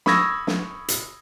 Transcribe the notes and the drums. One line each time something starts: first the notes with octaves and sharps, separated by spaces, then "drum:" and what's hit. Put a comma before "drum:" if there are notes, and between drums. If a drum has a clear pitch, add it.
B5 C#6 D#6 E6 G#6 A#6, drum: snare
drum: snare
drum: hi-hat